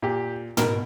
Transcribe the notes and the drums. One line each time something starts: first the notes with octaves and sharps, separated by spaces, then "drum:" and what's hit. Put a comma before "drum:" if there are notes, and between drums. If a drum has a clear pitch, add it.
A#2 G4
B2 A#4, drum: tom